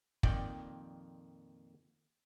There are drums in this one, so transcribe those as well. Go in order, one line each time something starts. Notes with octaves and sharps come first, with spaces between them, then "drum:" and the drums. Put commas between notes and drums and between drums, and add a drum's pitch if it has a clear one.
F2 A#2 D#3 D5 G5, drum: kick